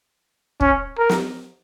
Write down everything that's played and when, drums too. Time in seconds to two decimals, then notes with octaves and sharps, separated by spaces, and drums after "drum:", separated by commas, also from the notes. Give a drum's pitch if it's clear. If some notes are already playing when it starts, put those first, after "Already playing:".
0.61 C#4, drum: kick
0.99 A#4
1.09 drum: snare